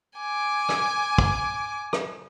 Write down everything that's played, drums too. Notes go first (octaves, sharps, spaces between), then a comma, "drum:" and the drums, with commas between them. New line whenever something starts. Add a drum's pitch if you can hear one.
G#5 D6
drum: rim click
drum: kick
drum: rim click